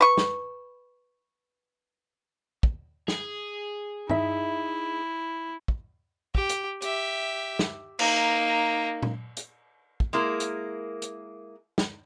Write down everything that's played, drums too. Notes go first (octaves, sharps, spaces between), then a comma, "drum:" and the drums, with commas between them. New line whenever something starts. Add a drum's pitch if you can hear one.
B4 C#6
drum: snare
drum: kick
G#4, drum: snare
D#4 E4 E5, drum: tom G2
drum: kick
G4, drum: kick
drum: hi-hat
G4 E5, drum: hi-hat
drum: snare
A#3 D#4, drum: cymbal
drum: tom A#2
drum: hi-hat
drum: kick
G#3 A#3 E4 A#4
drum: hi-hat
drum: hi-hat
drum: snare